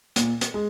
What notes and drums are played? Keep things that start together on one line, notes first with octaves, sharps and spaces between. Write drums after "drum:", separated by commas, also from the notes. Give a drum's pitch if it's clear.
A#2, drum: hi-hat
drum: hi-hat
G#3